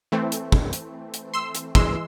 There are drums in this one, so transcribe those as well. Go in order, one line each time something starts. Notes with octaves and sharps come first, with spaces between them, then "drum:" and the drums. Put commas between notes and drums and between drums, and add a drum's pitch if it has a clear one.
E3 A3 C4
drum: hi-hat
drum: kick
drum: hi-hat
drum: hi-hat
C6 E6
drum: hi-hat
E3 G#3 C6 E6, drum: kick